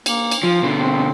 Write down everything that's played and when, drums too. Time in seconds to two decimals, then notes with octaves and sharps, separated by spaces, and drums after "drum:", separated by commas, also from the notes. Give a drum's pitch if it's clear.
0.06 A#3, drum: cymbal
0.31 drum: cymbal
0.43 F3 F4
0.63 B2 D3
0.80 C4